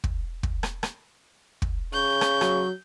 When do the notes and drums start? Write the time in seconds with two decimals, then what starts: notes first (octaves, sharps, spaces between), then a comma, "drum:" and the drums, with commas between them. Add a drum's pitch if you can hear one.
0.04 drum: kick
0.43 drum: kick
0.63 drum: rim click
0.83 drum: rim click
1.62 drum: kick
1.93 C#3 C#6 G6
2.21 drum: rim click
2.41 F#3, drum: rim click